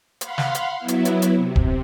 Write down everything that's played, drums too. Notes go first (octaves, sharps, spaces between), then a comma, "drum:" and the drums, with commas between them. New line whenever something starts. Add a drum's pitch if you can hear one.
F5 F#5 B5 C6, drum: hi-hat
drum: snare
drum: hi-hat
F#3 B3 E4
drum: hi-hat
drum: hi-hat
drum: hi-hat
C3
drum: kick